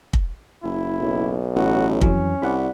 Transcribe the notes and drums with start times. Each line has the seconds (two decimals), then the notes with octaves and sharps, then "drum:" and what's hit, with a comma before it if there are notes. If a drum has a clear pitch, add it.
0.13 drum: kick
0.64 F#1 E4
1.00 B1
1.56 A1 F#4
2.01 F2 E3 F#3 C#4, drum: kick
2.42 C2 D5 F#5 B5